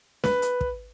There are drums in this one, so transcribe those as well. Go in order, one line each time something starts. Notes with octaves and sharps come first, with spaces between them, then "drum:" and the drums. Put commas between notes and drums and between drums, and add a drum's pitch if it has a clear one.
B4, drum: snare
drum: hi-hat
drum: kick